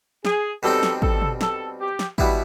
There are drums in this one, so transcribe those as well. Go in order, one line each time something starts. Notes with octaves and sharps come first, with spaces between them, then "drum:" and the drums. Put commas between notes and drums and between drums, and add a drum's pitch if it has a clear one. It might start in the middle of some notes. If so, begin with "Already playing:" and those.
G#4, drum: snare
B2 G3 C4 D#4 A4
drum: snare
A4, drum: kick
drum: tom
A4, drum: snare
G4
drum: snare
B2 G3 B3 E4, drum: kick